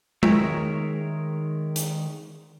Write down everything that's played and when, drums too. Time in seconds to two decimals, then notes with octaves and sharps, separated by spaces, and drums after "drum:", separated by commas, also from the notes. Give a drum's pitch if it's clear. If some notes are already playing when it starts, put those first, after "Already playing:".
0.23 D#3 G#3 A#4 C#5 E5, drum: tom G#3
1.76 drum: hi-hat